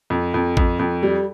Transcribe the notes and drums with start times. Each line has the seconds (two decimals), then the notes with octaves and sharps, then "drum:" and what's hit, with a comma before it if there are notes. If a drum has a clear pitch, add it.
0.10 F2
0.34 F2
0.57 F2, drum: kick A1
0.79 F2
1.03 G3